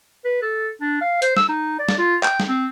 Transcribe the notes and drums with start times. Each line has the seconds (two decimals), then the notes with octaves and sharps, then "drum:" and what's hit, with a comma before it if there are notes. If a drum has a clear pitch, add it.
0.25 B4
0.42 A4
0.81 D4
1.01 F5
1.22 C5, drum: hi-hat
1.37 E6, drum: snare
1.49 D#4
1.79 D5
1.89 drum: snare
1.99 F4
2.23 G5, drum: clap
2.40 drum: snare
2.49 C4